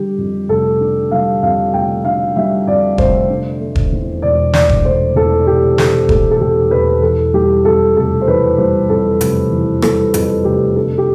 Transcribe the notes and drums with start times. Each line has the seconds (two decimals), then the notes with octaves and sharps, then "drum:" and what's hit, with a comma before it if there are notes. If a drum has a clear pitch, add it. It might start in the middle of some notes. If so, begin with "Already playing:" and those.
Already playing: D3 G3 G4
0.18 F2
0.49 F1 A4
0.80 D3
1.11 G3 F5
1.43 F2 F5
1.74 F1 G5
2.05 D3 F5
2.36 G3 E5
2.67 F2 D5
2.98 F1 C5, drum: kick E1
3.29 D3
3.60 A3
3.75 drum: kick E1
3.92 E2
4.22 E1 D5
4.53 D3 D5, drum: snare
4.69 drum: kick E1
4.85 A3 C5
5.15 E2 A4
5.47 E1 G4
5.78 D3 A4, drum: snare
6.09 A3 A4, drum: kick E1
6.31 A4
6.41 E2 G4
6.71 E1 B4
7.02 E3 A4
7.34 G3 G4
7.65 F2 A4
7.96 F1 A4
8.21 C5
8.27 E3 B4
8.58 G3 C5
8.89 F2 A4
9.21 F1, drum: hi-hat
9.51 E3
9.82 G3 A4, drum: rim click
10.14 F2 A4, drum: hi-hat
10.44 F1 G4
10.76 D3 A4
10.98 G4